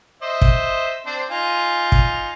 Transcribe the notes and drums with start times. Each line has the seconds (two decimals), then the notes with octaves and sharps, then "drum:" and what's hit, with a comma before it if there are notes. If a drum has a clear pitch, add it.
0.22 C5 D#5 E5
0.42 drum: kick
1.06 C4 D4 C5
1.30 D#4 F4 G#5
1.92 drum: kick